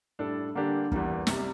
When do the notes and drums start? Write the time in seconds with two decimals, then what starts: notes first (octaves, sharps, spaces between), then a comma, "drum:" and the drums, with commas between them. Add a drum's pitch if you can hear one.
0.19 A2 G3 D4 A4
0.55 D3 G3 A#3 D4 G4
0.92 E2 E3 G3 A#3, drum: kick
1.27 C2 C3 G3, drum: snare